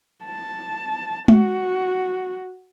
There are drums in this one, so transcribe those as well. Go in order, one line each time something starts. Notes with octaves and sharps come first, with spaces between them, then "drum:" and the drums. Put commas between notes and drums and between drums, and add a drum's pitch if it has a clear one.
A5
F#4, drum: tom G#3